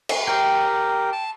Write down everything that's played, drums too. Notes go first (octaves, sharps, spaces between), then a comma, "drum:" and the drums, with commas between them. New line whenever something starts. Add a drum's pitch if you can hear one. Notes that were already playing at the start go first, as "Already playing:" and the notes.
drum: cymbal
G4 A#4 G5
A5